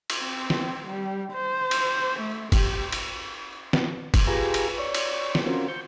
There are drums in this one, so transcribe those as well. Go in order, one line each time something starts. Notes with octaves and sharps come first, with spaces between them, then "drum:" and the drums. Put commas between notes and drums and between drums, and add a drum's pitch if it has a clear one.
drum: cymbal
C4
drum: snare
G3
C5
drum: cymbal
A3
G4, drum: kick, cymbal
drum: cymbal
drum: snare
drum: kick, cymbal
F4 G4 G#4 B4 G#5 A#5
drum: cymbal
C#5 D5 C#6
drum: cymbal
drum: snare
C4 C#4 F4 F#4 A#4 C5
C#6 G6